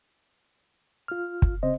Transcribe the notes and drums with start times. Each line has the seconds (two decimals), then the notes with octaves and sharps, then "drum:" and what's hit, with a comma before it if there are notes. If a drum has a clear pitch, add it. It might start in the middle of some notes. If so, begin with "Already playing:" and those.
1.08 F4 F6
1.42 drum: kick
1.63 C#3 C4 C5 D#5